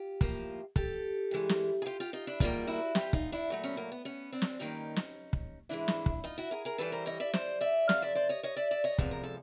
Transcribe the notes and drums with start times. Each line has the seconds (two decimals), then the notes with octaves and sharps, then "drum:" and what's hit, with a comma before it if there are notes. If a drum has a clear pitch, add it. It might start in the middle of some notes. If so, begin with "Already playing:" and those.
Already playing: F4 G4
0.21 A2 F3 A#3, drum: kick
0.76 G4 A4, drum: kick
1.31 G2 E3 G#3
1.49 drum: snare
1.82 G#4
1.86 F4 G4
2.00 F4 G4
2.13 D#4 F4
2.27 D4 E4
2.40 G#2 D#3 G3 A#3 D#4 F4, drum: kick
2.67 E4 F#4
2.95 F4 G4, drum: snare
3.13 D#4 F4, drum: kick
3.32 D4 E4
3.50 A#2 F#3 A3
3.63 B3 C#4
3.77 A#3
3.92 B3
4.05 B3 C#4
4.32 C4 D4
4.42 drum: snare
4.59 G2 D#3 G3 A#3 C#4 D#4
4.96 drum: snare
5.33 drum: kick
5.69 G#2 E3 G#3 D4 E4
5.88 drum: snare
6.06 drum: kick
6.24 D#4 F4
6.38 E4 F#4
6.51 G#4 A#4
6.65 G#4 A#4
6.78 G2 E3 G3 A4 B4
6.92 A#4 C5
7.06 C#5 D#5
7.20 D5 E5
7.33 C5 D5, drum: snare
7.61 D5 E5
7.89 F2 C3 F5, drum: snare
8.02 D5 E5
8.15 C5 D5
8.29 C#5 D#5
8.43 C#5 D#5
8.56 D5 E5
8.71 D5 E5
8.84 C#5 D#5
8.98 E2 C3 F3 G#3 B4, drum: kick
9.11 A#4
9.24 A4